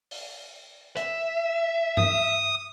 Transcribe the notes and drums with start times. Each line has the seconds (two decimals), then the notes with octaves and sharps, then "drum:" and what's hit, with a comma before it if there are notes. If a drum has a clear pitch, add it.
0.11 drum: open hi-hat
0.97 E5, drum: hi-hat
1.97 D#6, drum: tom G2